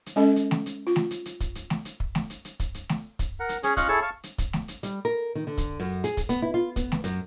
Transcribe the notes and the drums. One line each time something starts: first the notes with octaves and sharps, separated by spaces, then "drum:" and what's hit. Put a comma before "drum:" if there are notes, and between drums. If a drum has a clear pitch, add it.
drum: hi-hat
G#3 C#4 A4 D#5
drum: hi-hat
drum: snare A3
drum: hi-hat
F4
drum: snare A3
drum: hi-hat
drum: hi-hat
drum: kick, hi-hat
drum: hi-hat
drum: snare A3
drum: hi-hat
drum: kick
drum: snare A3
drum: hi-hat
drum: hi-hat
drum: kick, hi-hat
drum: hi-hat
drum: snare A3
drum: kick, hi-hat
A#4 F#5
drum: hi-hat
C#4 G#4 C#5, drum: hi-hat
C#4 F4 D#5 F5 C#6 F#6, drum: kick, hi-hat
E4 G#4 A4 C#5 A5 C#6
F5 A5 C#6
drum: hi-hat
drum: kick, hi-hat
drum: snare A3
drum: hi-hat
G3, drum: hi-hat
A#4
D#3
D3
drum: kick, hi-hat
F#2
G#4, drum: hi-hat
drum: kick, hi-hat
B3, drum: hi-hat
E4
F4
B3, drum: kick, hi-hat
drum: snare A3
F#2, drum: hi-hat